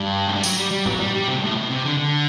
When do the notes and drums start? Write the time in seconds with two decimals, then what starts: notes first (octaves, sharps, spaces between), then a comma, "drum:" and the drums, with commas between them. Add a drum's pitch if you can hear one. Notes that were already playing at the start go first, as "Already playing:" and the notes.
Already playing: G2
0.27 A3
0.35 G3
0.43 F#3, drum: tambourine
0.57 G3
0.71 G3
0.86 F#3, drum: tom G#2
0.99 G3
1.14 G3
1.27 C3
1.35 G2
1.42 A2
1.56 B2
1.70 C3
1.84 D3
1.98 D3